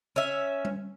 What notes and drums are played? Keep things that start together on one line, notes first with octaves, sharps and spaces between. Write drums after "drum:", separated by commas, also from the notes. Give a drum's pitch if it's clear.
C#4 E5
drum: tom G3